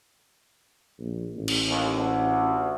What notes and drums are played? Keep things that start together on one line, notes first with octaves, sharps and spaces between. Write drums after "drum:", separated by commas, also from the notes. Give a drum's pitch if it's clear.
A#1
A1
drum: cymbal
D#2
D2